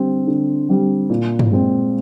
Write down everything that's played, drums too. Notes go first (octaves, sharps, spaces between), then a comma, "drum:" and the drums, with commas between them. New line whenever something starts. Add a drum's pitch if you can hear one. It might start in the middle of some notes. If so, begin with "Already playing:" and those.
Already playing: D3 G3 C4
D3
G3 C4
A#2
drum: tom
G#3 C4